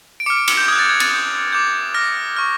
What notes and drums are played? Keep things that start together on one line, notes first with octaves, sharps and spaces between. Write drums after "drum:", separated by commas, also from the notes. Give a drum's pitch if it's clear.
D7
D6 F6 C#7
D7
C#7, drum: cymbal
G6
D#6 F#6 G#6
A6
G#6
A6, drum: cymbal
D#6 G6
D6 G6
D6 F6 A#6
C#6 F6